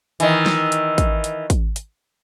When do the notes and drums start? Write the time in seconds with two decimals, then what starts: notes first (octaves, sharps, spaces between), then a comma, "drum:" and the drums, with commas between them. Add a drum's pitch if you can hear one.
0.20 D#3 E3, drum: hi-hat
0.46 drum: snare
0.72 drum: hi-hat
0.98 drum: kick, hi-hat
1.24 drum: hi-hat
1.50 drum: kick, hi-hat
1.76 drum: hi-hat